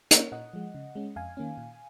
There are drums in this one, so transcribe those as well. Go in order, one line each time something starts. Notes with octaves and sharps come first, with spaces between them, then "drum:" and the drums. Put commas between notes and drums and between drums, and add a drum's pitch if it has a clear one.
A#3 C#4 A#4 C#5, drum: hi-hat
A#2 D#5 F#5
F3 G#3
C#3
G#3 C#4
F2 F5 G#5
D#3 A#3 C#4
A#2